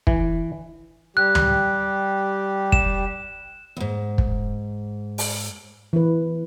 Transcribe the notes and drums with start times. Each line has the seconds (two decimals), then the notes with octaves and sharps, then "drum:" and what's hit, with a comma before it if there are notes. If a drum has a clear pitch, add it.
0.07 E3, drum: kick
1.17 G3 G4 F#6
1.35 drum: tom
2.72 E7, drum: kick
3.77 E2 G#2
4.18 drum: kick
5.18 drum: open hi-hat
5.93 E3 B4